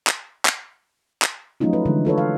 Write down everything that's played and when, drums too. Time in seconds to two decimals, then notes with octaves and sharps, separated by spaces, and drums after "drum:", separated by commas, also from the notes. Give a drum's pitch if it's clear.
0.07 drum: clap
0.45 drum: clap
1.22 drum: clap
1.60 F3 F#3 A3 C#4 D#4 F4
1.73 B4
1.85 D3 E3 G#3
2.05 F4 A4 B4 C#5
2.18 F5